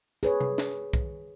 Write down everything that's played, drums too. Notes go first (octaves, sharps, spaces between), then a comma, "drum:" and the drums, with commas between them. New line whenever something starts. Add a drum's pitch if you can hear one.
G#4 B4 C#5, drum: hi-hat
drum: tom C3
drum: snare
drum: kick B1, hi-hat